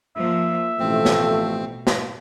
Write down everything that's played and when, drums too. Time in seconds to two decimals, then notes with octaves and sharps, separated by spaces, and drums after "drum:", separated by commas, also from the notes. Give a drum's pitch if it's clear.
0.16 F3 A#3 E5
0.80 A1 B2 F3 A3 C4
1.05 drum: snare
1.87 drum: snare